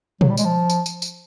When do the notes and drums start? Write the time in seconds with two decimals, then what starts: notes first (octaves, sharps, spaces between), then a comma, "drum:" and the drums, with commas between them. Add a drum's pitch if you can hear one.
0.21 F#3, drum: tom A#2
0.30 G3
0.37 G#3, drum: tambourine
0.45 F3
0.70 drum: tambourine
0.86 drum: tambourine
1.02 drum: tambourine